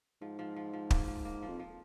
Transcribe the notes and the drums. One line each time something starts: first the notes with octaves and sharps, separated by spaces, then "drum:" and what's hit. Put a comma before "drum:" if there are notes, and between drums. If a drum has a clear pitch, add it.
G#2 F3
F3
F3
F3
A#3, drum: kick
F3
A#3
F3
F2
F3